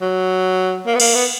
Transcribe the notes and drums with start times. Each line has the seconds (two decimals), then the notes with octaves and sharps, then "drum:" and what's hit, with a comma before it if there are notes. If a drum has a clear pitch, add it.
0.01 F#3
0.86 A#3
0.95 B3
1.00 A#3, drum: cymbal
1.15 B3